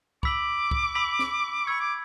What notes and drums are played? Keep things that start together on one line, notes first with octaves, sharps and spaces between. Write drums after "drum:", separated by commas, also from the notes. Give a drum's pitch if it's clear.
B5 D6 E6 B6 F#7, drum: kick C2
drum: kick C2
B5 E6 B6 F#7
drum: snare
B5 C#6 E6 G#6
D6